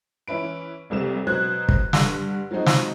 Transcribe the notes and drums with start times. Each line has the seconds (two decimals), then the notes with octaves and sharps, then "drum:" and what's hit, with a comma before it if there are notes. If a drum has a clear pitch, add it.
0.28 E3 C#4 E4 B4 D7
0.90 F1 C2 C3 E7
1.27 B2 F#3 C5 F#6 G#6
1.69 drum: kick
1.93 G2 D3, drum: snare
2.51 F3 F#3 G#3 C4 D#4 F#4
2.66 drum: snare